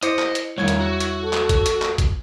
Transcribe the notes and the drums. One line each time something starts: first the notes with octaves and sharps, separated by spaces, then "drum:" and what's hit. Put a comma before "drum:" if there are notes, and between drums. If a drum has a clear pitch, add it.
E4 C5 D#5 D6 C#7, drum: hi-hat
drum: clap
drum: hi-hat
E2 A2 D#3 G3 E4 C#5 G#6
drum: hi-hat
F#4
drum: hi-hat
A4
drum: clap
drum: kick, hi-hat
drum: hi-hat
drum: clap
drum: kick, hi-hat